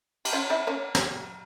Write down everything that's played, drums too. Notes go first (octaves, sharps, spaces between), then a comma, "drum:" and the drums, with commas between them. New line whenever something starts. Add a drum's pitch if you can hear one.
G4, drum: cymbal
C#4 F4
C4 E4
A#3 C#4
drum: snare